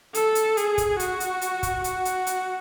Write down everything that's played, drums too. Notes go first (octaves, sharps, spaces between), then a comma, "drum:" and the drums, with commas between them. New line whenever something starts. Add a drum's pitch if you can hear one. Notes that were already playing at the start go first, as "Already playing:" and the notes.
A4, drum: hi-hat
drum: hi-hat
G#4, drum: hi-hat
drum: kick, hi-hat
F#4, drum: hi-hat
drum: hi-hat
drum: hi-hat
drum: kick, hi-hat
F#4, drum: hi-hat
drum: hi-hat
drum: hi-hat